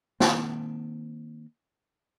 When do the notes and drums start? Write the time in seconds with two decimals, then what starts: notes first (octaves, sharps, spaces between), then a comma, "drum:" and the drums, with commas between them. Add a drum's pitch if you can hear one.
0.20 D#3 A#3 C4, drum: snare